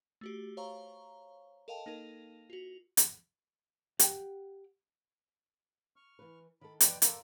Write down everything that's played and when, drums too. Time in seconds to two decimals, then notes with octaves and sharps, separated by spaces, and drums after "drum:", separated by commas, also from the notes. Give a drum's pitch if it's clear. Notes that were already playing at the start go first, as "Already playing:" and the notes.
0.21 A3 F#4 G4
0.57 C5 C#5 F5 A#5 C#6
1.68 A4 A#4 D#5 F5 G5 A5
1.86 A#3 D#4 A4 A#4
2.50 F4 F#4
2.97 drum: hi-hat
3.99 G4 F#5 G5, drum: hi-hat
5.96 C#6 F6
6.19 E3 B4
6.61 D#3 A4 B5
6.80 F3 B4 D5 D#5 G5, drum: hi-hat
7.02 F4 A4 A#4 D5 D6, drum: hi-hat